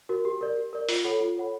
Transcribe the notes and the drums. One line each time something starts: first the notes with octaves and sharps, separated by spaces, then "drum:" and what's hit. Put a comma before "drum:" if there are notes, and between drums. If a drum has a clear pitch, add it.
F#4 A#4
G4
A#4 D5
G4
A#4 D5
F4, drum: open hi-hat
A4 C#5 F#5 B5
F4
A4 C#5 F#5 B5